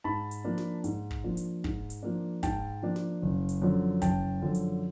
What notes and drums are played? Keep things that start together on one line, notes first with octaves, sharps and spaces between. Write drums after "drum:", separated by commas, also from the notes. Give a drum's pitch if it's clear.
G#2 A5 B5
drum: hi-hat
F3 A#3 D4
drum: snare
G#2, drum: hi-hat
drum: kick
F3 A#3 D4
drum: hi-hat
G#2, drum: kick
drum: hi-hat
F3 A#3 D4
G#2 G5 A5, drum: kick, hi-hat
F3 A#3 D4
drum: snare
F#1
drum: hi-hat
F#2 D3 F3
F#1 G5 A5, drum: kick, hi-hat
F#2 D3 F3
drum: hi-hat